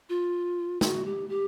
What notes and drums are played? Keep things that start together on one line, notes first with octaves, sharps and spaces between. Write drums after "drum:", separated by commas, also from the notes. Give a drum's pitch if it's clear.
F4
F#4, drum: snare
G4
G4